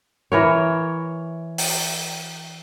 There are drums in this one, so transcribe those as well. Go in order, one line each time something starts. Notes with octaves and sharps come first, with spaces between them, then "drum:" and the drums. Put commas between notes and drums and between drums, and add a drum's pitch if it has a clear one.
E3 A#4 C#5
drum: open hi-hat